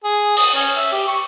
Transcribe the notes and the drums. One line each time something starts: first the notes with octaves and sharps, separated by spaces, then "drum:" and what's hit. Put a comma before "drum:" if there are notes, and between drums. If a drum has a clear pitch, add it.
G#4
D#6, drum: open hi-hat
C#4
E5
G4
C#6